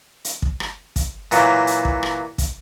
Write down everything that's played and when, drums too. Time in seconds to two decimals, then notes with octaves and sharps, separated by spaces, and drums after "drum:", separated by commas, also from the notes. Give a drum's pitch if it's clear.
0.25 drum: hi-hat
0.42 drum: kick
0.60 drum: rim click
0.96 drum: kick, hi-hat
1.31 A#2 E3 F#3, drum: hi-hat
1.67 drum: hi-hat
1.85 drum: kick
2.03 drum: rim click
2.38 drum: kick, hi-hat